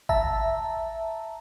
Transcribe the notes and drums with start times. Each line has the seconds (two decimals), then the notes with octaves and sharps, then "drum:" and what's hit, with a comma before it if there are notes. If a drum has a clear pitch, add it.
0.09 E5 A5 A#5, drum: kick G#1